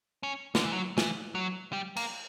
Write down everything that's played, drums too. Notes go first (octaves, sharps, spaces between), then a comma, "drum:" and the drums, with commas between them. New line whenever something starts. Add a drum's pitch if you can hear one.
C#4
D3, drum: snare
E3
F#3
E3, drum: snare
F#3
G3
A#3, drum: cymbal